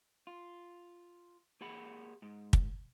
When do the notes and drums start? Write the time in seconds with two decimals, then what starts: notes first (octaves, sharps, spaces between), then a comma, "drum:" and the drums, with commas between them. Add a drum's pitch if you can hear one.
0.27 F4
1.61 A#3 G4 G#4 F#5 B5
2.22 G#2
2.53 drum: kick